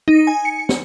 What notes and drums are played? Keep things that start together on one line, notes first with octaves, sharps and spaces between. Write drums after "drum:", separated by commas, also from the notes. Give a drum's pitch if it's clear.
D#4
G#5
C#7
drum: snare